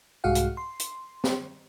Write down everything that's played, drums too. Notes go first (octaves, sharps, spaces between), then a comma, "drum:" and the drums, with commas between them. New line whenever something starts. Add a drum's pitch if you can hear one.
C2 G#2 F#4 G#4 F5 F#5
drum: hi-hat
C6
drum: hi-hat
drum: snare